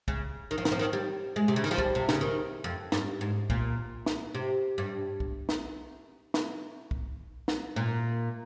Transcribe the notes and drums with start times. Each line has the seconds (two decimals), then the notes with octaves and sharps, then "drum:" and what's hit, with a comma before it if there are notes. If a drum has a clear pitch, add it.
0.08 C#3, drum: kick
0.51 D#3
0.58 F3
0.65 D#3, drum: snare
0.72 F3
0.79 D#3
0.93 G3
1.36 G#3
1.48 C3
1.56 C#3
1.64 D#3
1.71 F3
1.78 G3, drum: kick
1.95 C3
2.09 C#3, drum: snare
2.21 D#3
2.64 F2
2.92 G2, drum: snare
3.21 G#2
3.50 A#2, drum: kick
4.06 drum: snare
4.34 C3
4.78 G2
5.20 drum: kick
5.49 drum: snare
6.34 drum: snare
6.91 drum: kick
7.48 drum: snare
7.76 A#2